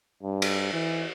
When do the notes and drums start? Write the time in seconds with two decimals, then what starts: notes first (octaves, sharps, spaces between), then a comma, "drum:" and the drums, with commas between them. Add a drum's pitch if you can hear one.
0.23 G2
0.42 drum: cymbal
0.73 E3